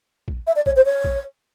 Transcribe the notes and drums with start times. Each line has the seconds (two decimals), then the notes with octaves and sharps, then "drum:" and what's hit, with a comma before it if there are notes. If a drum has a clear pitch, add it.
0.28 drum: kick
0.47 E5
0.56 D5
0.66 C#5, drum: kick
0.76 C5
0.86 C#5
1.04 drum: kick